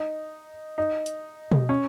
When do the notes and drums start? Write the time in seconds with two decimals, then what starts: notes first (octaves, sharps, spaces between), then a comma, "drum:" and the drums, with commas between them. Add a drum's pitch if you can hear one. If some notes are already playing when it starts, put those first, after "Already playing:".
Already playing: D#4
0.78 D#4
1.06 drum: hi-hat
1.52 drum: tom B2
1.69 C#4